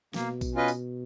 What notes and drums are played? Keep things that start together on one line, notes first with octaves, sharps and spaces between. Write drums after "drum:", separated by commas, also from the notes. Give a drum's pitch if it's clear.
B2 A#3, drum: snare
drum: kick A#1, tambourine
C#4 F4 B4 D#5
drum: tambourine